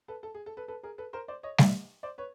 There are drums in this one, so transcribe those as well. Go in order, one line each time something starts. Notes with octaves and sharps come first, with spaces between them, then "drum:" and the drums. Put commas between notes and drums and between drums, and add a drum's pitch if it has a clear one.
A4 B4
A4
G#4
A4
A4 B4
A4 B4
G#4 A#4
A4 B4
A#4 C5
C5 D5
C#5 D#5
D5 E5, drum: snare G3
C5 D5
B4 C#5